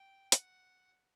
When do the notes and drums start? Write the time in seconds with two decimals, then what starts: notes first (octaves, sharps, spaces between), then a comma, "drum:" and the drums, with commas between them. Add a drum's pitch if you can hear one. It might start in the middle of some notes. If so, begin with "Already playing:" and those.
Already playing: G5
0.32 F#5, drum: hi-hat